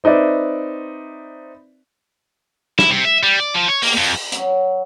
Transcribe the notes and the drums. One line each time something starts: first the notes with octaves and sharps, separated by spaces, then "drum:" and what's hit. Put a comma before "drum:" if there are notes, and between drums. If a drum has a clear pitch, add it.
C4 D#4 B4 D5 E5
E4, drum: snare
C3
E5
G3
D5
F3
C#5
A#3, drum: open hi-hat
F2
F#3, drum: hi-hat